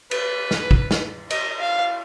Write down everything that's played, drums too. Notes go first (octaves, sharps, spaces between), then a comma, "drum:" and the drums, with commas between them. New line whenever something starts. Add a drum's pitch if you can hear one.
B4, drum: cymbal
drum: snare
drum: kick
drum: snare
D#5, drum: cymbal
F5